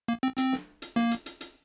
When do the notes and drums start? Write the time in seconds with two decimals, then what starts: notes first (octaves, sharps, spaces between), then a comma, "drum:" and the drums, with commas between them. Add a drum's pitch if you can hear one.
0.08 A#3
0.23 C4
0.38 C4, drum: hi-hat
0.53 drum: snare
0.82 drum: hi-hat
0.96 A#3, drum: snare
1.11 drum: hi-hat
1.26 drum: hi-hat
1.41 drum: hi-hat